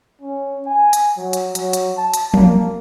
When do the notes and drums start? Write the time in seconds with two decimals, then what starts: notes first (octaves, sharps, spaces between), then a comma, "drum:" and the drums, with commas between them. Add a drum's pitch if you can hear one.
0.22 C#4
0.66 G#5
0.93 drum: hi-hat
1.17 F#3
1.33 drum: hi-hat
1.55 F#3, drum: hi-hat
1.73 drum: hi-hat
1.97 A5
2.14 drum: hi-hat
2.34 A#3, drum: tom F3